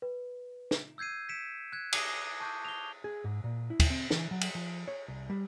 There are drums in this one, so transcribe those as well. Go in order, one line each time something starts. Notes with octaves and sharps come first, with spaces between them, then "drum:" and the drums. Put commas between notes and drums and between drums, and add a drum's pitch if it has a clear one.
B4
drum: snare
E6 G6 G#6 C7 D#7
B6 C#7 D7 E7
F#6 G#6
D6 D#6 A#6 C7, drum: cymbal
A5 C#6 D6 G6
F7 G7
G#4
G#2
A#2
E4
drum: kick, cymbal
C4
E3, drum: snare
F#3
drum: cymbal
F3
C#5
C2
G3